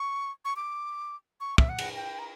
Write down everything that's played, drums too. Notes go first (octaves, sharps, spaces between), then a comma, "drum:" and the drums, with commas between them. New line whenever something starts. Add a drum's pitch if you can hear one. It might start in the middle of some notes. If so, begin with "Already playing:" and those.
Already playing: C#6
C#6
D6
C#6
E5, drum: kick
F#5
drum: cymbal
G5
A#5